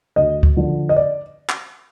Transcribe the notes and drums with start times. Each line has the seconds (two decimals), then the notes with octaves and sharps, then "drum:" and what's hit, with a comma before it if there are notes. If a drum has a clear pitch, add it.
0.16 D2 D#5
0.43 drum: kick
0.57 D3 F3
0.89 D#5
0.96 D5
1.49 drum: clap